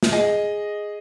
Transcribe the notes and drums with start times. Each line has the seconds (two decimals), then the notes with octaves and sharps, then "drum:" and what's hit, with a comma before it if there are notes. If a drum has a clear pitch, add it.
0.03 drum: snare
0.12 G#4 D#5